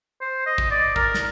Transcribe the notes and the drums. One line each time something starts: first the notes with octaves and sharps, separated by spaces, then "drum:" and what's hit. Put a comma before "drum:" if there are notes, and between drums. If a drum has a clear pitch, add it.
C5
D#5
drum: kick
D5
A#4, drum: kick
drum: snare